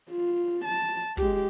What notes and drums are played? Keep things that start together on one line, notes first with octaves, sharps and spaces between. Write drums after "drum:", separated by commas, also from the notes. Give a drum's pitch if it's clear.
F4
A5
G#3 G4, drum: kick